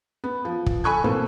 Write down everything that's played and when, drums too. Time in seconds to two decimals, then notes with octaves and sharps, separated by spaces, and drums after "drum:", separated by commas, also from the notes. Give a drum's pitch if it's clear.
0.24 B3
0.45 F3
0.66 drum: kick
0.84 A4 G#5 B5 C#6 F#6 G#6
1.04 B2 E3 A#3 C4 A4